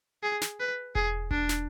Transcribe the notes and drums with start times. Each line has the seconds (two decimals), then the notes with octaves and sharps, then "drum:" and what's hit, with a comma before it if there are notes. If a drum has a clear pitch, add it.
0.23 G#4
0.41 drum: snare
0.60 B4
0.95 G#4, drum: kick E1
1.31 D4, drum: kick E1
1.49 drum: snare